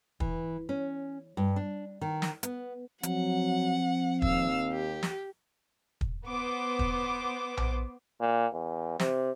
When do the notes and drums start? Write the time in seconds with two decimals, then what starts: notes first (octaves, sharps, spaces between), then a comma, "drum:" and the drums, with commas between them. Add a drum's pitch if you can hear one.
0.20 E3, drum: kick
0.69 C#4
1.37 G2
1.56 D4
2.01 D#3
2.22 drum: snare
2.43 B3, drum: hi-hat
3.03 F3 F#3 C4 F#5, drum: hi-hat
4.22 D#2 F5 E6, drum: kick
4.72 G4
5.03 drum: snare
6.01 drum: kick
6.28 B3 C5 D6
6.79 drum: kick
7.57 drum: tom A#1
8.20 A#2
8.53 E2
9.00 C3, drum: snare